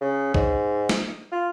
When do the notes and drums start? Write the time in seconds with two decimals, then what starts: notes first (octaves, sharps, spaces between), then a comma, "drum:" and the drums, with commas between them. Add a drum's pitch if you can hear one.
0.01 C#3
0.34 G#2, drum: kick B1
0.89 drum: snare
1.32 F4